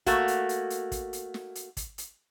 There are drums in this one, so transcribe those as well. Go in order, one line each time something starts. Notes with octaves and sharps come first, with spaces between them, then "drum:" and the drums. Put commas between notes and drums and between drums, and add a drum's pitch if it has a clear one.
A3 A#3 F#4, drum: kick, hi-hat
drum: hi-hat
drum: hi-hat
drum: hi-hat
drum: kick, hi-hat
drum: hi-hat
drum: snare
drum: hi-hat
drum: kick, hi-hat
drum: hi-hat